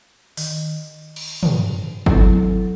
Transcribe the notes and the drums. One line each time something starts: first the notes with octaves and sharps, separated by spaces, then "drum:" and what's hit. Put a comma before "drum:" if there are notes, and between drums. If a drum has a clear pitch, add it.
D#3, drum: open hi-hat
drum: cymbal
drum: tom
F#3 C4 E4 A4, drum: kick G1